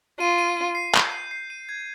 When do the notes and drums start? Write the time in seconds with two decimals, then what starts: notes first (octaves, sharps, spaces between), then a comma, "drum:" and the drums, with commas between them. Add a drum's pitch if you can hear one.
0.19 F4 D#7
0.38 D#7
0.57 D#7
0.75 C7
0.94 G6, drum: clap
1.13 C7
1.31 C7
1.50 D#7
1.69 G#6